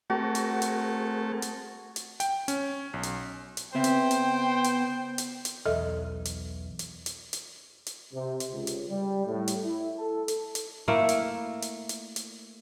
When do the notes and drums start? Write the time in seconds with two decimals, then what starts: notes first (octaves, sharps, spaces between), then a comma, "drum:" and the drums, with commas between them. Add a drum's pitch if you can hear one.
0.10 A3 C4 F#4 G#4 A#4
0.35 drum: hi-hat
0.62 drum: hi-hat
1.42 drum: hi-hat
1.96 drum: hi-hat
2.20 G5, drum: hi-hat
2.48 C#4, drum: hi-hat
2.94 B1
3.03 drum: hi-hat
3.57 drum: hi-hat
3.75 C#3 B3 C4 C5 E5 G5
3.84 drum: hi-hat
4.11 drum: hi-hat
4.64 drum: hi-hat
5.18 drum: hi-hat
5.45 drum: hi-hat
5.66 B1 E2 A4 D#5 E5
6.25 drum: hi-hat
6.79 drum: hi-hat
7.06 drum: hi-hat
7.33 drum: hi-hat
7.86 drum: hi-hat
8.13 C3
8.40 drum: hi-hat
8.51 C#2
8.67 drum: hi-hat
8.88 G3
9.26 A2
9.48 drum: hi-hat
9.64 E4
9.96 A4
10.28 drum: hi-hat
10.55 drum: hi-hat
10.88 A3 A#3 E4 A#4
11.09 drum: hi-hat
11.62 drum: hi-hat
11.89 drum: hi-hat
12.16 drum: hi-hat